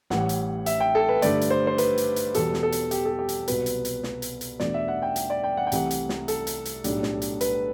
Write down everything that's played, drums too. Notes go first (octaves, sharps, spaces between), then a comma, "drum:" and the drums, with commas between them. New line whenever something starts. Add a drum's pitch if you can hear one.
A1 A2 E3 G3 F#5, drum: snare
drum: hi-hat
E5, drum: hi-hat
G5
A4
B4
G2 D3 A3 D5, drum: hi-hat
drum: hi-hat
C5
C5
B4, drum: hi-hat
drum: hi-hat
drum: hi-hat
E2 B2 G3 A4, drum: hi-hat
drum: snare
A4
drum: hi-hat
G4, drum: hi-hat
A4
G4
drum: hi-hat
C2 B2 F#3 B4, drum: hi-hat
drum: hi-hat
drum: hi-hat
drum: snare
drum: hi-hat
drum: hi-hat
E2 B2 A3 D4 D5, drum: snare
E5
F#5
G5
drum: hi-hat
D5
G5
F#5
G5
C2 C3 E3 A3 F#5, drum: hi-hat
drum: hi-hat
drum: snare
A4, drum: hi-hat
drum: hi-hat
drum: hi-hat
B1 A2 G3 D4, drum: hi-hat
drum: snare
drum: hi-hat
B4, drum: hi-hat